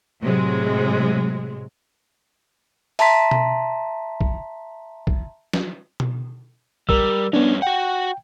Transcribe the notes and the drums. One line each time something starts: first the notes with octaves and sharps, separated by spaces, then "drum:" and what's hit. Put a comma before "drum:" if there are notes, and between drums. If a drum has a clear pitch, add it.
A2 C3 F#3 G#3
E5 A5 A#5 C6 B6, drum: open hi-hat
drum: tom B2
drum: kick
drum: kick
drum: snare
drum: tom B2
G3 A#4 E6, drum: kick
G2 B3 C#4 D4
F#4 F#5 G5